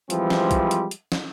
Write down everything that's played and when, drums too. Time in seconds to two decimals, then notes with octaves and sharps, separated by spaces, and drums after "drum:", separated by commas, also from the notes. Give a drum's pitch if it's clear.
0.10 E3 F3 G3 G#3 C4, drum: hi-hat
0.30 drum: snare
0.51 drum: kick, hi-hat
0.71 drum: hi-hat
0.91 drum: hi-hat
1.12 drum: snare